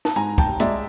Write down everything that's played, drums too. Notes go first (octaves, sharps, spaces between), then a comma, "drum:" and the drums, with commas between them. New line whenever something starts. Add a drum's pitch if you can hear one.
A5, drum: snare
G#2 G#5 A#5
G5 A5, drum: kick
G#3 D5 E5, drum: hi-hat